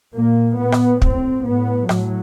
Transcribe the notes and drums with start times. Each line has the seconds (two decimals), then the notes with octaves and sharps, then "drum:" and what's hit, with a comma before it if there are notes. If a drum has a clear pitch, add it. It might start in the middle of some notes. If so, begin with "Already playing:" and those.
0.14 A#2 A#3
0.58 A#2 B3
0.72 drum: rim click
1.02 A2 C4, drum: kick
1.45 A2 B3
1.89 A2 F#3, drum: rim click